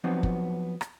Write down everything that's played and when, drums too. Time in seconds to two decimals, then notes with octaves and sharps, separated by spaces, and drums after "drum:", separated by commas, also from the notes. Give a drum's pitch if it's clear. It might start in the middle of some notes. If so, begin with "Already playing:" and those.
0.04 F3 F#3 B3 C4 D#4
0.23 drum: kick
0.81 drum: rim click